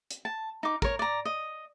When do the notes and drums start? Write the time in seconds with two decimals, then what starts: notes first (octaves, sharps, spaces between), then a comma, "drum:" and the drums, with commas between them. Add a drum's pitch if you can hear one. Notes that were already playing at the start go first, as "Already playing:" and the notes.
0.11 drum: hi-hat
0.25 A5
0.63 D#4 D6
0.82 A#4 C#5, drum: kick
0.99 D5 A#5
1.25 D#5